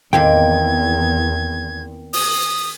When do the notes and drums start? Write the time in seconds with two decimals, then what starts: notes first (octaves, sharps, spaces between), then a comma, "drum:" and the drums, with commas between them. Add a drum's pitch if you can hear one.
0.13 E2 D#3 A#3 C4 G5 G#6, drum: tom A2
2.13 D#6, drum: open hi-hat